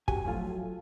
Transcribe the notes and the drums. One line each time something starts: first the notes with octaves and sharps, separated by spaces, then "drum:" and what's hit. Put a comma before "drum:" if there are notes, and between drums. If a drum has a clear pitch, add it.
F#4 G4 G#5, drum: kick
F3 F#3 A3 F4